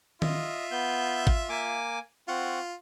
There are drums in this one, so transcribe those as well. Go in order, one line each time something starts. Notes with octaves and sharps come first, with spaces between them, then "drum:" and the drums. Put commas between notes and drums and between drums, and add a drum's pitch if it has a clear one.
F4 D#5 E5, drum: tom D#3
B3 G6
drum: kick G#1
A#3 G#5 D6
C4 F4 F#5 C#6